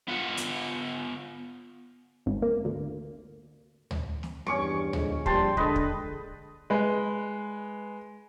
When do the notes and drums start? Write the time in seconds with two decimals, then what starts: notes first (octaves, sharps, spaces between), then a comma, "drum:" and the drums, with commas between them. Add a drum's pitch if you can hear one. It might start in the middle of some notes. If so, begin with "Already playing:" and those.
0.08 B3 F4 F#5
0.37 drum: hi-hat
2.26 G#1
2.42 A#3
2.65 D2
3.91 drum: tom D2
4.23 drum: snare
4.46 E2 G2 C#4 C#6 D6, drum: tom
4.93 D3 F3 G#3, drum: tom D2
5.26 A#1 G3 G5 A5 C6, drum: kick
5.57 D3 G#3 B4 D#5, drum: kick
5.76 drum: kick
6.70 G#3 B4